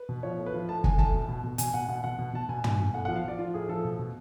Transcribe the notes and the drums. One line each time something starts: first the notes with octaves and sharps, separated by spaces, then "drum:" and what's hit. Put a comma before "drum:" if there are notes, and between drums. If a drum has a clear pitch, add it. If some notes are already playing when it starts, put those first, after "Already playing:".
Already playing: B4
B2
F3 C#5
A2
B4
F3
A2 A5
A2 G#5, drum: kick
A2 A5, drum: kick
B2
B2
B2
B2 G#5, drum: hi-hat
B2 F#5
B2 F#5
B2 F#5
B2
B2 A5
B2 G#5
B2, drum: tom
B2
A2 F#5
F3 F#5
F5
F3 D5
F3 F4
A2 G#4
F3 A4
B2
B2